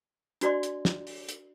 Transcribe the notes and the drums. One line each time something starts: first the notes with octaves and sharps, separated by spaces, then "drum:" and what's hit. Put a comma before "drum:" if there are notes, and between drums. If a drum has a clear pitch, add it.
D4 F#4 D5 D#5 C6, drum: hi-hat
drum: hi-hat
drum: snare
drum: open hi-hat
drum: hi-hat